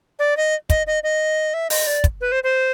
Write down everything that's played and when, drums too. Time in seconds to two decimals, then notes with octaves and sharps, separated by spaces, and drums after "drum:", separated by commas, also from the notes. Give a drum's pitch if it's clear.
0.19 D5
0.37 D#5
0.70 D#5, drum: kick, hi-hat
0.87 D#5
1.03 D#5
1.54 E5
1.70 D#5, drum: open hi-hat
1.87 D5
2.04 drum: kick, hi-hat
2.21 B4
2.32 C5
2.43 C5